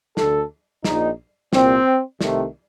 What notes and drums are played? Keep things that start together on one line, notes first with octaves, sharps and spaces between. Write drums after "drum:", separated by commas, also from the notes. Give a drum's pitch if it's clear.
D2 D3 A4, drum: snare
A#1 A#2 D#4, drum: snare
C2 A#2 C4, drum: snare
C2 C3 D#3 A3, drum: snare